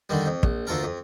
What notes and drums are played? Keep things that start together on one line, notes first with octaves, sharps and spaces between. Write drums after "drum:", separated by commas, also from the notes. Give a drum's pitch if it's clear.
D3 D#3 G3
F2
A#1, drum: kick
D2 F4 A4 A#4
F2